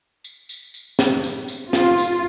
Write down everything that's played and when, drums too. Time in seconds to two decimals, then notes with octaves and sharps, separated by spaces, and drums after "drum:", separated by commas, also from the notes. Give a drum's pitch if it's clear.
0.24 drum: tambourine
0.49 drum: tambourine
0.74 drum: tambourine
0.99 drum: snare
1.24 drum: tambourine
1.48 drum: tambourine
1.73 F4, drum: snare
1.98 drum: tambourine